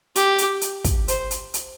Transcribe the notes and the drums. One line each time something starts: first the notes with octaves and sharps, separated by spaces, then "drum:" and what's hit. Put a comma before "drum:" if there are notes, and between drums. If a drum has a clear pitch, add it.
G4, drum: hi-hat
drum: hi-hat
drum: hi-hat
drum: kick, hi-hat
C5, drum: hi-hat
drum: hi-hat
drum: hi-hat